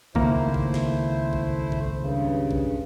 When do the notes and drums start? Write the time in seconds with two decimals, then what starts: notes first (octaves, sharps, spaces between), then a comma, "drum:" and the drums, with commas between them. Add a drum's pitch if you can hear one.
0.15 C#2 D#3 A3 A#3 E4 C5, drum: kick
0.54 drum: kick
0.74 drum: snare
1.33 drum: kick
1.72 drum: kick
1.98 G2 C#3
2.51 drum: kick